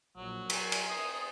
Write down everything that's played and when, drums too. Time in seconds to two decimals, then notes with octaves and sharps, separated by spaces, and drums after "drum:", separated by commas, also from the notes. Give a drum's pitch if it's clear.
0.17 A#1 F#3
0.50 A#4 G#5 C7, drum: cymbal
0.72 drum: cymbal
0.89 D#6